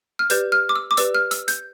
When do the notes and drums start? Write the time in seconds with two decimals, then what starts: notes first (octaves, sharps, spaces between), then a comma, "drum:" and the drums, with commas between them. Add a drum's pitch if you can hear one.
0.19 F6
0.30 G4 B4 D5 G6, drum: hi-hat
0.52 F6
0.69 D6
0.76 E6
0.91 D6
0.97 G4 B4 D5 E6, drum: hi-hat
1.15 F6
1.31 E6, drum: hi-hat
1.48 G6, drum: hi-hat